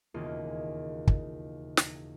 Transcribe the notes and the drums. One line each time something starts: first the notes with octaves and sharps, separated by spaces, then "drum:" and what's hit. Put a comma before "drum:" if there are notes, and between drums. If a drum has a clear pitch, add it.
E1 D#2 C#3 C#4 F4 G#4
drum: kick
drum: snare